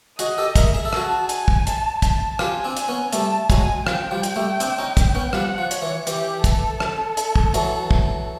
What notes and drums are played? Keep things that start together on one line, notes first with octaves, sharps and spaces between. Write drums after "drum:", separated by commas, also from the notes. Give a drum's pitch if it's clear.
F#4 G#4 D#5, drum: hi-hat
G4 A4
G#4 A#4 E5, drum: kick, hi-hat
G#4
A4
F#4 G#4 A5, drum: rim click
G#5, drum: hi-hat
drum: kick
A5, drum: hi-hat
A5, drum: kick, hi-hat
F4 G4 G#5, drum: rim click
C4 D4
G#5, drum: hi-hat
B3 C#4
G3 A3 A5, drum: hi-hat
F#3 G#3 G#5, drum: kick, hi-hat
F3 G5, drum: rim click
F3 G3
drum: hi-hat
G3 A3
C4 D4, drum: hi-hat
C#4 D#4
drum: kick, hi-hat
B3 C#4
F3 G3 F#5, drum: rim click
F3
C#5, drum: hi-hat
E3
E3 G4, drum: hi-hat
A4, drum: kick, hi-hat
drum: rim click
drum: hi-hat
drum: kick
E3 F#3, drum: hi-hat
drum: kick